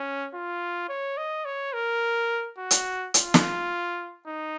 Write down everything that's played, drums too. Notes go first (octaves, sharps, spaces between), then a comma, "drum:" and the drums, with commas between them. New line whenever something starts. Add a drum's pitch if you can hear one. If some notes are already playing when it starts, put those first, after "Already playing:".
Already playing: C#4
F4
C#5
D#5
C#5
A#4
F#4
drum: hi-hat
F4, drum: hi-hat
drum: snare
D#4